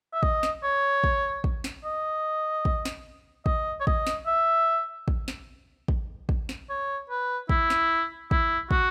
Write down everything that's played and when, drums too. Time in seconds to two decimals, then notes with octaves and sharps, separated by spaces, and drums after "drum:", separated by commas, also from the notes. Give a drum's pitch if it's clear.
0.14 E5
0.23 D#5, drum: kick
0.43 drum: snare
0.63 C#5
1.04 drum: kick
1.44 drum: kick
1.64 drum: snare
1.84 D#5
2.65 drum: kick
2.85 drum: snare
3.46 D#5, drum: kick
3.80 C#5
3.87 D#5, drum: kick
4.07 drum: snare
4.26 E5
5.08 drum: kick
5.28 drum: snare
5.88 drum: kick
6.29 drum: kick
6.49 drum: snare
6.70 C#5
7.10 B4
7.49 E4, drum: kick
7.70 drum: snare
8.31 E4, drum: kick
8.71 F#4, drum: kick